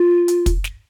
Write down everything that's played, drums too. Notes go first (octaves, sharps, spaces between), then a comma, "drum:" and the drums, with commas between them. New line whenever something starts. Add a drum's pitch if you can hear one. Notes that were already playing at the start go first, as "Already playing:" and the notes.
Already playing: F4
drum: hi-hat
drum: kick, hi-hat
drum: snare